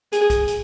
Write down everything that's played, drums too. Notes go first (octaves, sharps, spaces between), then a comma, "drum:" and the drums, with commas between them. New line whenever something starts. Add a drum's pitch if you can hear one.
G#4, drum: hi-hat
drum: kick B1, hi-hat
drum: hi-hat